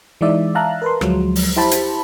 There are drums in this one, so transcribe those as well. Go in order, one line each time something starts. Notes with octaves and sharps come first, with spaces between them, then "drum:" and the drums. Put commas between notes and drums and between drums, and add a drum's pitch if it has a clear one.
E3 G#3 D#4 D5 E5
E5 F5 A5 A#5 F#6
A#4 B4 C6
D2 F3 F#3 G#3, drum: rim click
drum: open hi-hat
E4 G4 C5 A5 B5
drum: hi-hat